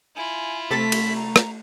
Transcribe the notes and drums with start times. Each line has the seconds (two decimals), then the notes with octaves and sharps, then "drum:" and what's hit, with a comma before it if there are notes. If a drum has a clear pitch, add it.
0.16 E4 F4 G#5
0.70 C3 A3 A4 A6 B6
0.92 drum: cymbal
1.16 A#5
1.36 drum: rim click